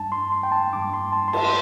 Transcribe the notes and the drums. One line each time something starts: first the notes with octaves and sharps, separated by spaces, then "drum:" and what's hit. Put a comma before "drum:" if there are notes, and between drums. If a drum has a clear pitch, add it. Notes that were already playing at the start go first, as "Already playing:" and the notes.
Already playing: G2 G3 D4 A5
C6
C6
G5
A5
G2 G3 D4 D6
C6
A5
C6
A5, drum: cymbal